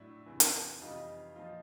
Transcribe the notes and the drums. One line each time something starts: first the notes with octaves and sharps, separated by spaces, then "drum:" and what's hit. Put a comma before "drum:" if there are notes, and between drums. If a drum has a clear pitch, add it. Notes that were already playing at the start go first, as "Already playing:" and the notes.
Already playing: A2 F#3 D4 E4
E2 C3 E3
drum: hi-hat
F2 C3 E3 G3 D#4 F4
A#2 F3 D#4 F4